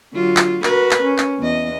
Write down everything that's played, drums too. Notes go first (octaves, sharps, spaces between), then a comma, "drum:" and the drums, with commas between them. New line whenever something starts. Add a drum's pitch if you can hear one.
D3 F#3 F4
drum: clap
F#4 A#4 B4, drum: clap
drum: clap
C#4
drum: clap
E2 D#5